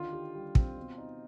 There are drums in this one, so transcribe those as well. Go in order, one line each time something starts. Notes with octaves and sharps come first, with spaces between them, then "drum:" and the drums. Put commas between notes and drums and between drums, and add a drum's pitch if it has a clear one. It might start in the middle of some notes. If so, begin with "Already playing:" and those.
Already playing: D3 D#3 F4
G4
G3
C4, drum: kick
B2
D#4